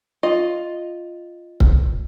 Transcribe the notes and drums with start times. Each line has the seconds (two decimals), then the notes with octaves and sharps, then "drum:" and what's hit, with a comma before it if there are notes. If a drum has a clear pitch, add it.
0.23 F4 D#5
1.60 drum: kick C#1